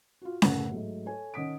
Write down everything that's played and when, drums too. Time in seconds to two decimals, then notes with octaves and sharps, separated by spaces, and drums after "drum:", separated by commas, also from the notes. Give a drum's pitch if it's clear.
0.22 F4 F#4
0.42 F#1 A2 A#4 B4 F#5, drum: snare C#4
0.72 G#2 F#3 A3
1.06 A4 C#5 G#5
1.34 D#3 C#4 F#5 D#6 B6 D7